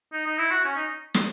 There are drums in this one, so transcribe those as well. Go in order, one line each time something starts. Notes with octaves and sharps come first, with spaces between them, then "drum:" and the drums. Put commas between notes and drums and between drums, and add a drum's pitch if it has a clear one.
D#4
D#4
E4
F#4
C#4
D#4
drum: snare